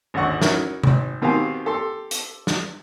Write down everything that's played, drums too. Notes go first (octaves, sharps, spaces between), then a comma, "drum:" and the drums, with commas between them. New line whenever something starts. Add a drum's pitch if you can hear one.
G#1 D#2 D3 F#5 C#6
C#4 D#4 E4 F#4 A#4 C#5, drum: snare
G#1, drum: tom C3
B2 D#3 C4 G4 F5 G#5
G4 A4 C6
drum: hi-hat
drum: snare